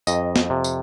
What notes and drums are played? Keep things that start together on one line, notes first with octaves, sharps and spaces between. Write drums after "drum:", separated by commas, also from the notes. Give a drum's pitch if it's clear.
F2 D#5, drum: tambourine
drum: snare
C3
drum: tambourine